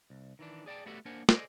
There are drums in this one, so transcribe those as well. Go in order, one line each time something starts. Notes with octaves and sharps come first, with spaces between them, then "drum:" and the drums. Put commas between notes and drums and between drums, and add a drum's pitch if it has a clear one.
C2
D#3 E3 D4
G#4 D5 G5 A5
G3 A3 B3 F#4 G4 A4
A#3 D4 A#4 C5 F#5 G#5
G#4 A4 C5 D5 D#5, drum: snare